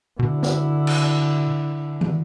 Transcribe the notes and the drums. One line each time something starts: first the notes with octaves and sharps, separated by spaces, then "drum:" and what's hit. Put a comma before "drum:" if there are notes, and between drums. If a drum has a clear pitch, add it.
B2 D3 E4
drum: snare
drum: cymbal
drum: tom